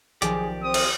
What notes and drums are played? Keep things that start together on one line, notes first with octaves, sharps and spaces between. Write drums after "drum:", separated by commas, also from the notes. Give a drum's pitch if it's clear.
B1 D#3 F3 G4 G#4 D5, drum: hi-hat
C4 D#6
drum: cymbal